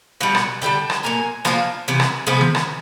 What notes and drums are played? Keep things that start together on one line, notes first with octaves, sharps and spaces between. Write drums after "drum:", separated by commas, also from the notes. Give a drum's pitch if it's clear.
B2 G3 F#5
drum: rim click
D3 G3 D4 G5 A5
drum: rim click
A#2 F#3 A#3 G#5 A#5
F3 A#3 D4, drum: rim click
C3 E3
drum: rim click
C3 F3 G#3 B3
drum: tom D#3
drum: rim click